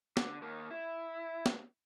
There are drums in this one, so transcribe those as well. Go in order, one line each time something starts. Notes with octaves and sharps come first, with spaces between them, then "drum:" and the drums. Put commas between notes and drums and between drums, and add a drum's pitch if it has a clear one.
D3, drum: snare
D#2 A#3
E4
drum: snare